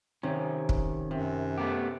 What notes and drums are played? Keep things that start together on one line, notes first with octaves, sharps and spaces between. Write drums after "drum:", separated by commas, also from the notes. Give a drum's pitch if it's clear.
C3 D#3 C#4
drum: kick
F#2 C3
A3 B3 G4